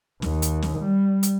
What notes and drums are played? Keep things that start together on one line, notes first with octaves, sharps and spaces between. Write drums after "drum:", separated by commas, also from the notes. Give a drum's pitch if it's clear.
D#2, drum: snare
drum: hi-hat
drum: snare
G3
drum: hi-hat